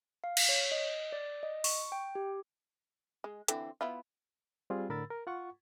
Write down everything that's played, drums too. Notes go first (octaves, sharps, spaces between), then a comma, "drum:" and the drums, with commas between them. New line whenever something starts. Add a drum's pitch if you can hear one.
F5
drum: cymbal
C#5
D#5
D5
D#5
C#6, drum: open hi-hat
G5
G4
G#3
D3 E3 C4, drum: hi-hat
B3 E4 F4
G3 C4 F4 G#4
A2 D3 A#4 B5 E6 A6
A#4
F4 F#5 C#6